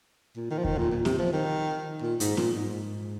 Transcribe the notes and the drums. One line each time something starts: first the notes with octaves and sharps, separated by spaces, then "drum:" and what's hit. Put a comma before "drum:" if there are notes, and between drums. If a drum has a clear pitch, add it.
A#2
D#3
F3
D#3, drum: kick E2
A#2
A#2
C3, drum: snare
F3
D#3
A#2
G#2, drum: hi-hat
A#2, drum: snare
G#2